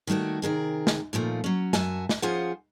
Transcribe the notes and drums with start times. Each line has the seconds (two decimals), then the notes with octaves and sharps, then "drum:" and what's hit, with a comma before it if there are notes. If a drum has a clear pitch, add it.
0.07 D#3 G3 A3 F#4 C#5
0.42 C3 D#3 G#4 A#4
0.87 drum: snare
1.13 D#2 A#2 F3 A3
1.44 F#3 C#4
1.73 F#2 F#4 E5 G#5 A5, drum: snare
2.09 drum: snare
2.22 F3 C#4 F4 G#4 C5 F#5